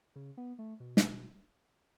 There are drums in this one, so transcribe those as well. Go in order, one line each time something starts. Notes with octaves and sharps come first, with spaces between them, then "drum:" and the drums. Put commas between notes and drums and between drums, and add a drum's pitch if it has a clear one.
C#3
B3
A3
B2
drum: snare